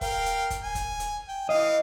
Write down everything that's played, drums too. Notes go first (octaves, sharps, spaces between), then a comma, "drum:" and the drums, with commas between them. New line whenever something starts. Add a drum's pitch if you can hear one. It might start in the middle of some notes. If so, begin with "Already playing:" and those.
A#4 F5 G5, drum: kick, open hi-hat
drum: hi-hat
drum: kick, hi-hat
G#5
drum: kick, hi-hat
drum: hi-hat
G5
E3 D#5 F5